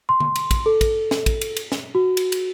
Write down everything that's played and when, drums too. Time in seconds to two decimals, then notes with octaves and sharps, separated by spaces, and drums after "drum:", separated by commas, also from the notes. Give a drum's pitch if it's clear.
0.09 C6
0.20 drum: tom D3
0.36 drum: cymbal
0.51 drum: kick, cymbal
0.66 A4
0.81 drum: kick, cymbal
1.11 drum: snare
1.26 drum: kick, cymbal
1.41 drum: cymbal
1.57 drum: cymbal
1.72 drum: snare
1.95 F#4
2.17 drum: cymbal
2.32 drum: cymbal